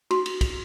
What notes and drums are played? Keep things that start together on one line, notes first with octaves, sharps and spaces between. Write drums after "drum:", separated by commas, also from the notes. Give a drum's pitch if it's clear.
F#4, drum: cymbal
drum: cymbal
drum: kick, cymbal